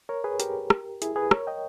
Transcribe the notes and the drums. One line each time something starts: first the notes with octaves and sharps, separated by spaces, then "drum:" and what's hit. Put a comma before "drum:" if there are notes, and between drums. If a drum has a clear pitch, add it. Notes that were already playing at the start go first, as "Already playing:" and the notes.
A#4 C#5
G#4 B4
G4 A#4, drum: hi-hat
drum: rim click
E4 G#4, drum: hi-hat
G#4 B4
A#4 C#5, drum: rim click
D#5 G5